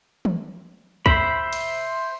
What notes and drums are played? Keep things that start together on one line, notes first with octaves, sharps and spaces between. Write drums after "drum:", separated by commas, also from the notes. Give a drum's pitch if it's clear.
drum: tom
C5 E5 B5, drum: kick
drum: cymbal